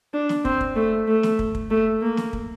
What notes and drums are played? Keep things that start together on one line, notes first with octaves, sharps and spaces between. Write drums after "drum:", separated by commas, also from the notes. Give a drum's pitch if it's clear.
D4
drum: snare
C4, drum: kick
drum: kick
A3
A3
drum: snare
drum: kick
drum: kick
A3
A#3
drum: snare
drum: kick